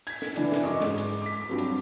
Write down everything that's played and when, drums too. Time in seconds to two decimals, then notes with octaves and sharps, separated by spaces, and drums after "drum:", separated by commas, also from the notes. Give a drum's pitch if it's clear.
0.07 G#6 B6, drum: cymbal
0.22 drum: snare
0.36 D3 E3 D4, drum: cymbal
0.52 drum: snare
0.63 F#2 D#5 C#6 D6
0.80 G#2, drum: snare
0.98 drum: cymbal
1.22 D6 B6
1.48 G2 F3 F#3 C4
1.58 drum: cymbal